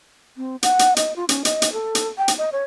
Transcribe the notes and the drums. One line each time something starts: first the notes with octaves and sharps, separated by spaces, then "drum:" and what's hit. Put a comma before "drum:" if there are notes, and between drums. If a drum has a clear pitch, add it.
C4
F#5, drum: hi-hat
drum: hi-hat
D#5, drum: hi-hat
F4
C#4, drum: hi-hat
D#5, drum: hi-hat
drum: hi-hat
A4
drum: hi-hat
G5
drum: hi-hat
D#5
C#5